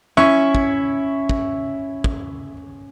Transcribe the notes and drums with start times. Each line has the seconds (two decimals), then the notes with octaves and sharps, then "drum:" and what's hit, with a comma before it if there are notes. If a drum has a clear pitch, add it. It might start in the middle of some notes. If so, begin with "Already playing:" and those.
0.17 C#4 E4 C#6
0.55 drum: kick
1.29 drum: kick
2.04 drum: kick